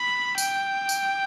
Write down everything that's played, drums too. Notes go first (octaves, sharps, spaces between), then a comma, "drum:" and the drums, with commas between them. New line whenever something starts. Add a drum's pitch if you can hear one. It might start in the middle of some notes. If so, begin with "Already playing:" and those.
Already playing: B5
G5, drum: tambourine
drum: tambourine